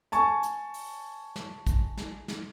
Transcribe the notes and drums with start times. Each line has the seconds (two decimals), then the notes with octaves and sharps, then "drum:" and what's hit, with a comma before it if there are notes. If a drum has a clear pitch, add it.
0.12 G#5 A5 C#6, drum: hi-hat
0.43 drum: hi-hat
0.74 drum: open hi-hat
1.36 drum: snare
1.67 drum: kick A1, hi-hat
1.97 drum: snare
2.28 drum: snare